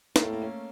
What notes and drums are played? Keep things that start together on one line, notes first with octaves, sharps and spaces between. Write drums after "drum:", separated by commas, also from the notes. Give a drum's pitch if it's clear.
A2 A#3, drum: snare
A3
A#3
C#4